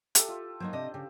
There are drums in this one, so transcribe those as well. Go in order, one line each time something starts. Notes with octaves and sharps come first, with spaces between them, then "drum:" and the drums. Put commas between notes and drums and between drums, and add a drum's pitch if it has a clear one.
G4 A4 E5, drum: hi-hat
F4
F#3 A#3 D#4 C5
C3 D4 D#5
C#3 G4